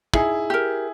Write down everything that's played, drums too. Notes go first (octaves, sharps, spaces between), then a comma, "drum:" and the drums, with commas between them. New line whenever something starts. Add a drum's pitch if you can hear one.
D#4 E4 G#4, drum: kick
G4 A#4